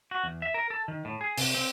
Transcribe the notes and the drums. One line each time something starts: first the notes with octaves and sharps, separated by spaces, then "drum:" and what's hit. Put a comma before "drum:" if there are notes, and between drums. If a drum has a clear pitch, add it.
F#4
E2
E5
A#4
A4
D#3
A2
G#4
C3, drum: open hi-hat
C4